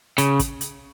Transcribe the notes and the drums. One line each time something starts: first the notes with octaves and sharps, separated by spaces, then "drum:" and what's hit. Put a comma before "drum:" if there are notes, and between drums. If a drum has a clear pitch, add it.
C#3, drum: hi-hat
drum: kick, hi-hat
drum: hi-hat